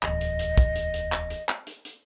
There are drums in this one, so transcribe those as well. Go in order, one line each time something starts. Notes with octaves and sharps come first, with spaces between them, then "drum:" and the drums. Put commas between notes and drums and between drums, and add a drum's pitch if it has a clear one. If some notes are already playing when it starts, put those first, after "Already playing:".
D1 E2 D#5, drum: clap
drum: hi-hat
drum: hi-hat
drum: kick, hi-hat
drum: hi-hat
drum: hi-hat
drum: clap
drum: hi-hat
drum: clap
drum: hi-hat
drum: hi-hat